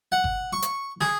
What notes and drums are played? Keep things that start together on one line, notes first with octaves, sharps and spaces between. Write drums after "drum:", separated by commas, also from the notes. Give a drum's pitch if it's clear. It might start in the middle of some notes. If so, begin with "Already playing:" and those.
F#5
drum: kick G1
C#6
drum: hi-hat
G#4, drum: snare